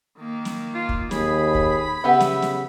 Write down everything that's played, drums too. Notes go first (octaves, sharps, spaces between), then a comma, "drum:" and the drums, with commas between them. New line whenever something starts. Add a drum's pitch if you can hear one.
D#3 A#3
drum: snare
F4
drum: kick
D#2 G#4 B5, drum: snare
drum: kick
C#3 B3 G4 E5 F#5
drum: snare
drum: snare